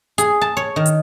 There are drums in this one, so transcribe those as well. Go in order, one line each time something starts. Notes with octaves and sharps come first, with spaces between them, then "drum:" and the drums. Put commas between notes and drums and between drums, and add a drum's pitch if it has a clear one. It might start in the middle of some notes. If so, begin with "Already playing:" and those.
G#4, drum: hi-hat
A5
C#5
D#3
drum: hi-hat